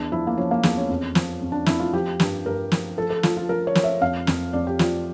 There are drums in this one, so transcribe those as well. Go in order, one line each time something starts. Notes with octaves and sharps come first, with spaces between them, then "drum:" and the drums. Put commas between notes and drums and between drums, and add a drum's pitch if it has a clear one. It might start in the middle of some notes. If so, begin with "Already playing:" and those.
Already playing: E2 D4
F3 E4
A#3
F3 C#4
A#3
E2, drum: snare
C#4
F2
F3, drum: snare
F2
D4
F2 E4, drum: snare
F4
F3 G4
G2, drum: snare
G2 A#4
F3, drum: snare
F3 A4
A4
F3 F4, drum: snare
F4
F3 A#4
C#5
F3, drum: snare
E5
F2 F5
F2, drum: snare
F2 D5
G4
F3 F4, drum: snare